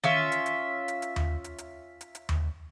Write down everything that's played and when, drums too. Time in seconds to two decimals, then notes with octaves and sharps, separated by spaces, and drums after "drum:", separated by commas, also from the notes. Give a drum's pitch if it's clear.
0.04 C#4 F4 E5, drum: tom D#3
0.32 drum: hi-hat
0.46 drum: hi-hat
0.88 drum: hi-hat
1.02 drum: hi-hat
1.16 drum: tom D#2
1.44 drum: hi-hat
1.58 drum: hi-hat
2.01 drum: hi-hat
2.15 drum: hi-hat
2.29 drum: tom D#2